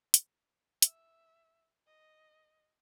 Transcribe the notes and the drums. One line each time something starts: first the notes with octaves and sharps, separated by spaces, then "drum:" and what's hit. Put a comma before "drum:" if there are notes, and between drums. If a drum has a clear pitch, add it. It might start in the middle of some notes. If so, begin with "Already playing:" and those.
drum: hi-hat
E5, drum: hi-hat
D#5